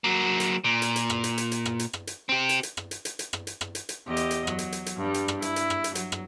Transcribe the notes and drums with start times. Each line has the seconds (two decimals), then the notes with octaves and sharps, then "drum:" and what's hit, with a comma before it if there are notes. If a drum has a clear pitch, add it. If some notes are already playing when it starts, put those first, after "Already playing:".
0.04 F#3 A#3
0.40 drum: hi-hat
0.64 A#2
0.82 drum: hi-hat
0.96 drum: hi-hat
1.10 drum: rim click
1.24 drum: hi-hat
1.38 drum: hi-hat
1.52 drum: hi-hat
1.65 drum: rim click
1.79 drum: hi-hat
1.93 drum: rim click
2.07 drum: hi-hat
2.29 C4 G4
2.49 drum: hi-hat
2.63 drum: hi-hat
2.77 drum: rim click
2.91 drum: hi-hat
3.05 drum: hi-hat
3.19 drum: hi-hat
3.33 drum: rim click
3.47 drum: hi-hat
3.61 drum: rim click
3.75 drum: hi-hat
3.89 drum: hi-hat
4.07 E2 G4 D#5
4.17 drum: hi-hat
4.31 drum: hi-hat
4.47 F#3, drum: rim click
4.59 drum: hi-hat
4.72 drum: hi-hat
4.86 drum: hi-hat
4.97 G2 G3
5.14 drum: hi-hat
5.28 drum: rim click
5.42 E4, drum: hi-hat
5.56 drum: hi-hat
5.70 drum: rim click
5.84 drum: hi-hat
5.95 F#3, drum: hi-hat
6.12 drum: rim click